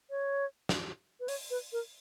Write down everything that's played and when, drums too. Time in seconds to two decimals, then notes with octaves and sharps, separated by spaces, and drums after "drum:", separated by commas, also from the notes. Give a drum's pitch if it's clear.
0.10 C#5
0.69 drum: snare
1.20 B4
1.28 C#5, drum: open hi-hat
1.51 B4
1.73 A#4